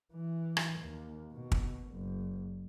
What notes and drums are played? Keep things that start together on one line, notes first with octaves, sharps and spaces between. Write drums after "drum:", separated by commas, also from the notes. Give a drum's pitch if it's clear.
E3
drum: rim click
D#2
B2
drum: kick
F#1